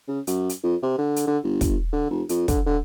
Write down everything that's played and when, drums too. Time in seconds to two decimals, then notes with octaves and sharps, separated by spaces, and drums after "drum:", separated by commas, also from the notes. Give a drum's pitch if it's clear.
0.08 C#3
0.27 F#2, drum: hi-hat
0.49 drum: hi-hat
0.63 F2
0.82 C3
0.98 D3
1.16 drum: hi-hat
1.27 D3
1.43 G1
1.61 drum: kick, hi-hat
1.92 D3
2.10 F1
2.29 F2, drum: hi-hat
2.48 D3, drum: kick, hi-hat
2.66 D3